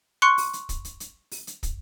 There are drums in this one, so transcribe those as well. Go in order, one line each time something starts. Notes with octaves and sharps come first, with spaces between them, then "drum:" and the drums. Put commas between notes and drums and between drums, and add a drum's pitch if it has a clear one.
C6 C#6 F#6 C#7
drum: open hi-hat
drum: hi-hat
drum: kick, hi-hat
drum: hi-hat
drum: hi-hat
drum: open hi-hat
drum: hi-hat
drum: kick, hi-hat